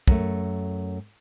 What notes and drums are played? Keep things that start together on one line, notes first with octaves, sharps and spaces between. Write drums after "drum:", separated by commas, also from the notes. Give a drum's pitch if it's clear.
F#2 A3, drum: kick